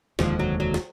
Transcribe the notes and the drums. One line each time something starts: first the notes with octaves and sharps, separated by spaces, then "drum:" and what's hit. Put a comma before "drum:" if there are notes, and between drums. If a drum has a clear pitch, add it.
F1 D#2 D3 F3 G#3, drum: snare
F#3
F#3
drum: snare